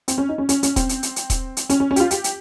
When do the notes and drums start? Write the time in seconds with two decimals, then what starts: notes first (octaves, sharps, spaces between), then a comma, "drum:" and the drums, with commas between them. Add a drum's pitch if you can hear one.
0.08 C4, drum: hi-hat
0.18 C#4
0.29 D#4
0.38 C#4
0.49 C#4, drum: hi-hat
0.63 C#4, drum: hi-hat
0.76 C4, drum: kick D#1, hi-hat
0.89 drum: hi-hat
1.03 drum: hi-hat
1.16 drum: hi-hat
1.30 drum: kick D#1, hi-hat
1.57 drum: hi-hat
1.70 C#4, drum: hi-hat
1.80 C#4
1.91 C#4
1.96 G4, drum: hi-hat
2.00 F4
2.11 G4, drum: hi-hat
2.24 drum: hi-hat